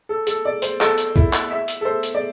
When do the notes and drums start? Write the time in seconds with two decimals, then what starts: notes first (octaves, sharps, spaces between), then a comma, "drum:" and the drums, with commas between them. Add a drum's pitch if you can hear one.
0.09 A4
0.27 A4, drum: hi-hat
0.45 D5
0.62 C5, drum: hi-hat
0.80 A4, drum: clap
0.98 drum: hi-hat
1.16 E4, drum: kick
1.33 drum: clap
1.50 E5
1.68 drum: hi-hat
1.81 A4
1.85 C5
2.03 drum: hi-hat
2.15 D5